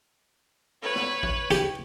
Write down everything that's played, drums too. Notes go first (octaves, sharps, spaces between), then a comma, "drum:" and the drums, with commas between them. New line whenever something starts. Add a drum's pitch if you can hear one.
B4 C#5
drum: snare
drum: kick A1
G4, drum: hi-hat